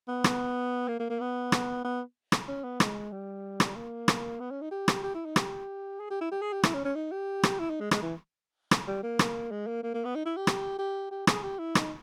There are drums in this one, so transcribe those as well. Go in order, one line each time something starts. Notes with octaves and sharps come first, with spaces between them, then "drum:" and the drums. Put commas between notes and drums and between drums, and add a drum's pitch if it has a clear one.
B3
drum: rim click
A#3
A#3
A#3
B3
drum: rim click
B3
drum: rim click
C#4
B3
G#3, drum: rim click
G3
drum: rim click
A#3
drum: rim click
B3
C#4
D#4
G4
drum: rim click
G4
E4
D#4
G4, drum: rim click
G#4
G4
E4
G4
G#4
G4
E4, drum: rim click
C#4
C#4
D#4
G4
drum: rim click
E4
D#4
G#3
G#3, drum: rim click
E3
drum: rim click
G3
A#3
drum: rim click
G#3
A#3
A#3
A#3
B3
D#4
E4
G4
drum: rim click
G4
G4
G#4, drum: rim click
G4
E4
D#4, drum: rim click